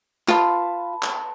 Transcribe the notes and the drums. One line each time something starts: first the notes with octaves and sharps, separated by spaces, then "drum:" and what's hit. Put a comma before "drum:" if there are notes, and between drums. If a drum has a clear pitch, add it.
F4 B4 A5, drum: clap
drum: clap